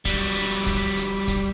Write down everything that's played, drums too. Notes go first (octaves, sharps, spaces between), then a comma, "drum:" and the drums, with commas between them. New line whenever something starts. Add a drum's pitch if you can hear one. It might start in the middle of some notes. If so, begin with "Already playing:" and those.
F#3 G3, drum: kick, hi-hat
drum: hi-hat
drum: kick, hi-hat
drum: hi-hat
drum: kick, hi-hat